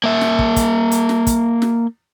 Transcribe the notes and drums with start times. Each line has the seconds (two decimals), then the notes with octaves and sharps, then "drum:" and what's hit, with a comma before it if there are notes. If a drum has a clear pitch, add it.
0.04 A#3 E5
0.21 drum: snare
0.39 drum: kick
0.56 drum: kick, hi-hat
0.91 drum: hi-hat
1.09 drum: snare
1.27 drum: kick, hi-hat
1.62 drum: snare